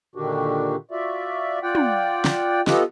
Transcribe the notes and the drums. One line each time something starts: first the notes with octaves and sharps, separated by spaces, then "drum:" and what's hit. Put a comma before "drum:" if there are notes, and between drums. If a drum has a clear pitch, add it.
A#2 D3 D#3 D4 F#4 G4
F4 F#4 D5 E5
F4 D5 F#5 G5
drum: tom
drum: snare
B3 F4 G4 A4 D#5 F#5, drum: snare